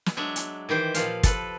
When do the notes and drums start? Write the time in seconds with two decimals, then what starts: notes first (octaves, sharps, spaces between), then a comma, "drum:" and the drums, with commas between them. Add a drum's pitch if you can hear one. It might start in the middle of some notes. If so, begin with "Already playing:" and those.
0.06 drum: snare
0.17 F#3 G#3 D4 E5
0.36 drum: hi-hat
0.69 D#3 E3 G4 C5
0.94 A#2 F3 F5, drum: hi-hat
1.23 A4 B4, drum: kick, hi-hat